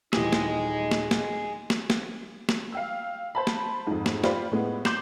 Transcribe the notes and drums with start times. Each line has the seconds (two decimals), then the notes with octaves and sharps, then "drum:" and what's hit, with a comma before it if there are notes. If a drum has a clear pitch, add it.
0.13 D#1 E3 D#4 G4 G#4 D#5, drum: snare
0.32 drum: snare
0.91 drum: snare
1.11 drum: snare
1.70 drum: snare
1.90 drum: snare
2.49 drum: snare
2.72 F5 G5 E6
3.35 C5 A5 B5
3.47 drum: snare
3.87 F2 G#2
4.06 drum: snare
4.24 F4 G4 C5 D5 B5, drum: snare
4.51 A2 G#3 B3
4.85 C6 D6 G6 C7 E7 F#7, drum: snare